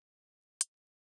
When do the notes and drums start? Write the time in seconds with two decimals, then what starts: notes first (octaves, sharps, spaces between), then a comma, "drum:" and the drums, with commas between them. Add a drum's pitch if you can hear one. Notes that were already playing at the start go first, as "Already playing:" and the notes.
Already playing: F#3 A#3
0.28 C4
0.61 D#3 A4, drum: hi-hat